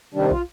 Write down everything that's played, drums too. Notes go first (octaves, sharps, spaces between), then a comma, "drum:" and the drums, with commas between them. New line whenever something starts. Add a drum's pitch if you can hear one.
C3 D#3 G3 D4
F4, drum: kick